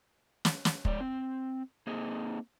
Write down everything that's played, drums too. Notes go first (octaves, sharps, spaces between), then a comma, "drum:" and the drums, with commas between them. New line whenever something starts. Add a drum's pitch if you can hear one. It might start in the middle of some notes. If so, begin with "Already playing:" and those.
drum: snare
drum: snare
G#3 C#5 D5, drum: kick
C4
A#3 C4 D#4 G#4